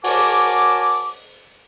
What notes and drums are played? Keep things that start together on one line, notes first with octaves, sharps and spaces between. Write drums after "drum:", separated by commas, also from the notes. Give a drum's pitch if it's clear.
F#4 A#4 C#5 G#5 A5 D6, drum: open hi-hat